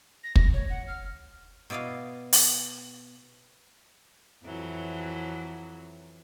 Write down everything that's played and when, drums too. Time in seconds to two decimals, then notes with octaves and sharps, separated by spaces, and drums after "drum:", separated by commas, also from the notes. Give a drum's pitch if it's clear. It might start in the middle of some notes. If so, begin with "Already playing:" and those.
0.24 A#6
0.36 A#6, drum: kick
0.53 C#5
0.70 F#5
0.88 F6
1.70 B2 E4 D5 D#5 F5
2.33 drum: open hi-hat
4.44 F2 E3 F#3